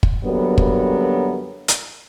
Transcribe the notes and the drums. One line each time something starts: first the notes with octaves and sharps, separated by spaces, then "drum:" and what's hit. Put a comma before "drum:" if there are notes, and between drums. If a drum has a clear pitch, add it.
drum: kick
F#2 D3 F#3 G3 A#3 B3
drum: kick
drum: hi-hat